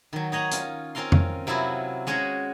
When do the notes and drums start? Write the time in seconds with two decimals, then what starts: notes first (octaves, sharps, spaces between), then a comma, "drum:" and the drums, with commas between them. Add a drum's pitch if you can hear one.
0.13 D#3 F#3
0.32 D#4 C#5 D#5 F#5 A#5
0.51 C#4 F4, drum: hi-hat
0.95 C4 C#4 F4 A#4 F5 C6
1.12 drum: tom F2
1.47 C3 F#3 B3 E4 F4
2.07 G#3 C#4 F#4 G#4 D#5 F#5